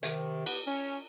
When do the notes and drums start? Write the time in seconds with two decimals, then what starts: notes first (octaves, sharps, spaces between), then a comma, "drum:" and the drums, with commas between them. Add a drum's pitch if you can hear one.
0.03 C3 D#3, drum: hi-hat
0.46 B3 G4 F#5, drum: cymbal
0.66 C#4